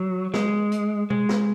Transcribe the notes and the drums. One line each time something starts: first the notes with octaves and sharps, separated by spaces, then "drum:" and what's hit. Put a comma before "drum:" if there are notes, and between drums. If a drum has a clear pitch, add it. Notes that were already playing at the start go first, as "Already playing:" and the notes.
Already playing: F#3
G#3, drum: snare
drum: hi-hat
G#3, drum: tom B2
drum: snare